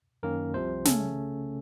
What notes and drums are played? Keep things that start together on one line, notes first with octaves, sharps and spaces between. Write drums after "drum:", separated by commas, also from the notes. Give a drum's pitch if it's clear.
F#2 D#3 A#3 C#4 A#4
C2 C3 F3 C5
C#3 A3 C#4 A4, drum: snare